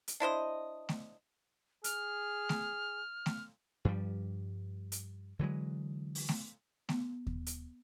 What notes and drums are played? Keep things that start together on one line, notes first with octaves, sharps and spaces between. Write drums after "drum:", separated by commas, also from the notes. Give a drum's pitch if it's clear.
drum: hi-hat
D4 E4 C5 D#5
drum: snare A3
G#4 F6, drum: hi-hat
drum: snare A3
drum: snare A3
G2 F3 G3
drum: hi-hat
D3 E3 F#3 G#3
drum: open hi-hat
drum: snare A3
B3, drum: snare A3
drum: kick D#2
drum: hi-hat